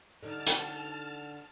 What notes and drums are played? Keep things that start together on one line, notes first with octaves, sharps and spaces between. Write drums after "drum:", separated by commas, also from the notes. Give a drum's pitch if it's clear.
D3 D#4 A5 F6
drum: hi-hat